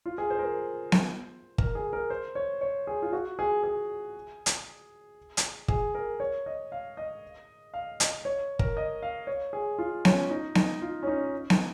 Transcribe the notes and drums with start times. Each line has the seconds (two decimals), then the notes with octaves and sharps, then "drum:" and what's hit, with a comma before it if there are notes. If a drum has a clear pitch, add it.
0.05 F4
0.18 G#4
0.30 C5
0.39 A#4
0.43 C5
0.92 drum: snare B3
1.58 A#4, drum: kick
1.75 G#4
1.93 A#4
2.10 C5
2.35 C#5
2.61 C#5
2.87 G#4
3.02 F4
3.13 F#4
3.39 G#4
3.64 G#4
4.46 drum: hi-hat
5.37 drum: hi-hat
5.68 G#4, drum: kick
5.95 A#4
6.20 C#5
6.46 D#5
6.72 F5
6.97 D#5
7.74 F5
8.00 D#5, drum: hi-hat
8.25 C#5
8.59 A#4, drum: kick
8.77 D#5
9.02 F5
9.27 C#5
9.53 G#4
9.78 F4
10.05 C#4, drum: snare B3
10.30 D#4
10.55 D#4, drum: snare B3
10.82 F4
11.03 C#4
11.07 D#4
11.50 D#4, drum: snare B3